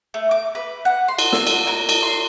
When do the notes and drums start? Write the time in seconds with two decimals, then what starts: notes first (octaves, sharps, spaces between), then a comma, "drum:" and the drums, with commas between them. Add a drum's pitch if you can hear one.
0.14 A3
0.31 D6
0.55 B4
0.85 F#5
1.08 C6
1.19 drum: cymbal
1.33 E6, drum: snare
1.47 drum: cymbal
1.67 A#4
1.89 drum: cymbal
2.03 C6